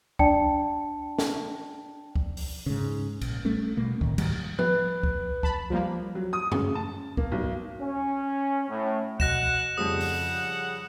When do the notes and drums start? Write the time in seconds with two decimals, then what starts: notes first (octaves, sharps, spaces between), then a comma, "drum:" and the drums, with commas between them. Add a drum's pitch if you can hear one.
0.19 D4 D5 G5 A5 C#7, drum: kick C#2
1.19 drum: snare
2.16 drum: kick C#2
2.37 drum: open hi-hat
2.66 G#2 C#3
3.21 A#1, drum: cymbal
3.45 G3 A3 C#4
3.77 B2 A#3
4.01 A2 D#3, drum: kick C#2
4.18 G#2 D#3 F#3 G3, drum: cymbal
4.59 B4, drum: tom F3
5.03 drum: kick C#2
5.43 A5 B5, drum: kick C#2
5.70 F3 G3 A#3
6.15 F#3
6.33 D#6
6.52 C#3, drum: tom F#2
6.75 A5
7.17 A#3, drum: kick C#2
7.32 B1
7.80 C#4
8.69 A2
9.20 B2 F#5 F#6 A#6 E7, drum: kick C#2
9.77 F2 C#3 F3 G3 F#5 D#6
10.01 drum: open hi-hat